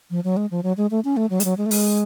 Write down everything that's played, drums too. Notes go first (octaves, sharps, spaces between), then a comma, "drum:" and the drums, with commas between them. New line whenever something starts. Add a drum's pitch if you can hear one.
F3
F#3
G#3
F3
F#3
G#3
A3
C#4
A3
F#3
G#3, drum: hi-hat
F#3
G#3
A3
G#3, drum: open hi-hat